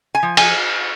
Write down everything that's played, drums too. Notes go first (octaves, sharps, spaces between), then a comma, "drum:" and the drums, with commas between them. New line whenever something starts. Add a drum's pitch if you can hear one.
G#5
F3
G#5, drum: cymbal